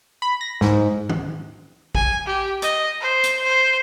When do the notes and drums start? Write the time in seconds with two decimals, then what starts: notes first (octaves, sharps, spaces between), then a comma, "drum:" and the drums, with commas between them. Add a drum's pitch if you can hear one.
0.22 B5
0.41 A#6
0.61 G#2, drum: snare
1.09 drum: tom D#3
1.95 G#5, drum: kick A1
2.26 G4
2.62 D#5, drum: hi-hat
3.01 C5
3.24 drum: hi-hat
3.44 C5